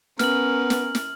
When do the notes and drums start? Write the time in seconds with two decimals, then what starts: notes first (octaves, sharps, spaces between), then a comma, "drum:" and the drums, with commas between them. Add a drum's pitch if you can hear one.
0.19 B3 C#4 A#4 F6 F#7, drum: snare
0.70 drum: snare
0.95 drum: snare